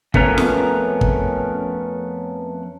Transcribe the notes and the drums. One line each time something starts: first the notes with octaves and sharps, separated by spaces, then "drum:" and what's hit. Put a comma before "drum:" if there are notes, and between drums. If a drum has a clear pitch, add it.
F2 A3 B3 C#4 A#4, drum: kick
drum: snare F4
drum: kick